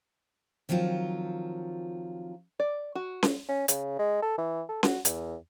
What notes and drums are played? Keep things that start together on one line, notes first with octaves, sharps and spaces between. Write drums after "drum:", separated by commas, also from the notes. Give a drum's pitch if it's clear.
D#3 F3 F#3 C4 F4
D5
F#4
drum: snare C#4
C#4
C#3, drum: hi-hat
G#3
A4
E3
A4
F#4, drum: snare C#4
E2, drum: hi-hat